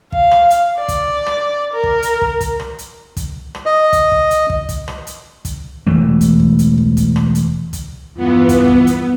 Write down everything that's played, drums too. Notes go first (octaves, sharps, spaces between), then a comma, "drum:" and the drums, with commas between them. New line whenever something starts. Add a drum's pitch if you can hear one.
F5, drum: kick
drum: rim click
drum: hi-hat
D5
drum: kick, hi-hat
drum: rim click
A#4
drum: kick
drum: hi-hat
drum: kick
drum: kick, hi-hat
drum: rim click
drum: hi-hat
drum: kick, hi-hat
drum: rim click
D#5
drum: kick, hi-hat
drum: kick
drum: hi-hat
drum: kick
drum: kick, hi-hat
drum: rim click
drum: hi-hat
drum: kick, hi-hat
E1 E3 A3
drum: kick, hi-hat
drum: kick
drum: hi-hat
drum: kick
drum: kick, hi-hat
drum: rim click
drum: hi-hat
drum: kick, hi-hat
E2 G2 E3 B3 F4
drum: kick, hi-hat
drum: kick
drum: hi-hat